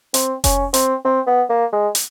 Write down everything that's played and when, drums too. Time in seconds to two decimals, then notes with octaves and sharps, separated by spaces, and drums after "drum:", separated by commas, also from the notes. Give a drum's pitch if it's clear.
0.14 C4, drum: hi-hat
0.44 C#4, drum: kick F1, hi-hat
0.74 C4, drum: hi-hat
1.05 C4
1.27 B3
1.50 A#3
1.73 G#3
1.95 drum: hi-hat